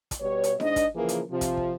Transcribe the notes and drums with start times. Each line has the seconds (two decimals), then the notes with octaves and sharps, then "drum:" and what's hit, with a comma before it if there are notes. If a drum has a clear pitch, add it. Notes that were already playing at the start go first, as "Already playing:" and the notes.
0.11 drum: kick, hi-hat
0.21 B2 G3 B4 C#5
0.44 drum: hi-hat
0.60 G#2 D4 D#5, drum: snare E4
0.76 drum: kick, hi-hat
0.96 C#3 E3 F3 A#3 G#4 A#4
1.09 drum: hi-hat
1.31 C3 F3
1.41 drum: kick, hi-hat
1.57 drum: kick